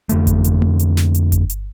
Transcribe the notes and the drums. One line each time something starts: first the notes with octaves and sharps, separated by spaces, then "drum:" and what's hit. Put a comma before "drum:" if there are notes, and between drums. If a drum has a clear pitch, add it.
F2 D3 A3, drum: hi-hat
drum: kick G1, hi-hat
drum: hi-hat
drum: tom A3
drum: hi-hat
drum: snare
drum: hi-hat
drum: kick G1, hi-hat
drum: hi-hat